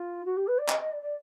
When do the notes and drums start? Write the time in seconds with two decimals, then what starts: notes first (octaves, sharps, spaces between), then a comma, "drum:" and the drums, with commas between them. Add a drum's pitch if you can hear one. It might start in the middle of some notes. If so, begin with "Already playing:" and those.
Already playing: F4
0.25 F#4
0.36 G4
0.47 B4
0.58 D5
0.69 D#5, drum: clap
0.80 D#5
0.91 D5
1.01 D5